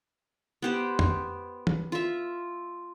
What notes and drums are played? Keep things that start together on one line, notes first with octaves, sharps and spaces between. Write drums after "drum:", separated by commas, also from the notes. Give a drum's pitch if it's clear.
B3 G4 C5
drum: tom F2
drum: tom
F4 E5